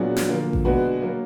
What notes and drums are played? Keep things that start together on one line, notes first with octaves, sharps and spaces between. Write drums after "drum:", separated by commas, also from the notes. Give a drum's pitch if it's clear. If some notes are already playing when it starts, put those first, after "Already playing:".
Already playing: A#2 F#3 B3 D4 G#4
drum: snare
D3 F3 A#3
drum: kick A1
B2 G#3 D4 F#4 B4
F#3 A#3